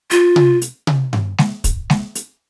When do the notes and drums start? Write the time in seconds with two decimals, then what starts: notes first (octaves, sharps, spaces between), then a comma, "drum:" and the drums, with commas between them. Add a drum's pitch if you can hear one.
0.11 F4, drum: hi-hat
0.36 drum: tom C3
0.62 drum: hi-hat
0.87 drum: tom C3
1.13 drum: tom G2
1.38 drum: snare G#3
1.64 drum: kick, hi-hat
1.90 drum: snare G#3
2.15 drum: hi-hat